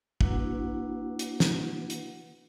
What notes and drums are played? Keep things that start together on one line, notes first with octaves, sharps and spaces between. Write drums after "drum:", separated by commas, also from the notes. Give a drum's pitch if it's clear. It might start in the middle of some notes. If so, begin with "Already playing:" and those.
A#3 D4 E4 F#4 B4 F#5, drum: kick
drum: hi-hat
drum: snare
drum: hi-hat